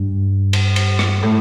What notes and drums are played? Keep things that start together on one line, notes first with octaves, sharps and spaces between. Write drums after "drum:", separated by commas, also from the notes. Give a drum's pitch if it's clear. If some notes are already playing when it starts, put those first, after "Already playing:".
Already playing: G2
drum: cymbal
drum: cymbal
drum: rim click
A2